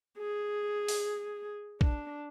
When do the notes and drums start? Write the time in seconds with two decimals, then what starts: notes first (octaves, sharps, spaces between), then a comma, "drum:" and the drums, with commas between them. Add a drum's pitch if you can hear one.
0.18 G#4
0.88 drum: open hi-hat
1.81 D4, drum: kick